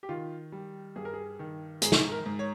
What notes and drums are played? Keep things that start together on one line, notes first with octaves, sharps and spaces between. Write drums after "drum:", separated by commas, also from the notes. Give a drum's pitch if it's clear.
G4
D#3 F4
G3
G2 G#4
A#4
G#4
D#3
G#2 G#4, drum: hi-hat
drum: snare
A#4
G#2
C#5